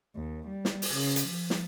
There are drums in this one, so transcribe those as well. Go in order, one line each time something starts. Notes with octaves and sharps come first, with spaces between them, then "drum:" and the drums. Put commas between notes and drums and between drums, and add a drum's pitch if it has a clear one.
D#2
G3
drum: snare
drum: open hi-hat
C#3
drum: hi-hat
F3
drum: snare